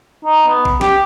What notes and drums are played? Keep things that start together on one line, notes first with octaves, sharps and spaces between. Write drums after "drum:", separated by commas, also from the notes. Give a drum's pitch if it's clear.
D#4
B3
drum: kick
G4, drum: snare